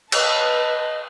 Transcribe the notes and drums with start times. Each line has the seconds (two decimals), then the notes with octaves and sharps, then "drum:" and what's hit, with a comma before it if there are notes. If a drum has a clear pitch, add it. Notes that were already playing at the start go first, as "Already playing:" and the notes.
0.12 B4 D#5 A5, drum: cymbal